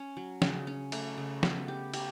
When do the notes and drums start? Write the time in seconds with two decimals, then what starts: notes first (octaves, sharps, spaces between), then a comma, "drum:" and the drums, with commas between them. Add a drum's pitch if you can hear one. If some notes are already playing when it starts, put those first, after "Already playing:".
Already playing: C#4
0.17 F#3
0.42 C#3, drum: snare
0.67 C#4
0.92 A3, drum: cymbal
1.18 C#3
1.43 B3, drum: snare
1.68 G4
1.94 G4, drum: cymbal